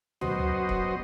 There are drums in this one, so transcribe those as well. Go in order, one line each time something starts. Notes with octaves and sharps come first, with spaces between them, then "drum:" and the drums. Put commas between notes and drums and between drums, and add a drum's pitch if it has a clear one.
F#2 B3 F#4 C5 D#5, drum: tom D2
drum: kick C#1